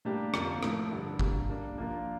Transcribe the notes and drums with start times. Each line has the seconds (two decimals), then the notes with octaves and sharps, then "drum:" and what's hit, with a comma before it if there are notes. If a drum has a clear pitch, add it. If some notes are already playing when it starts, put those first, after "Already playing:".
0.05 A2 G3 A#3 D4 G4
0.34 F2 D3 F3 A#3, drum: rim click
0.63 A2 F3 A3 E4, drum: rim click
0.91 G2 D3 G3
1.19 D3 G3 A#3, drum: kick G1
1.48 G3 A#3 D4
1.77 F3 A#3 D4 F4 A#4